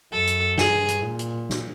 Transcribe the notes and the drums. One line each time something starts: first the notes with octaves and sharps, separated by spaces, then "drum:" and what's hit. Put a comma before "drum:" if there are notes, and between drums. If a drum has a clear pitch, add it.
F#2 A4
drum: hi-hat
G2 G#4, drum: snare
drum: hi-hat
A#2
drum: hi-hat
drum: snare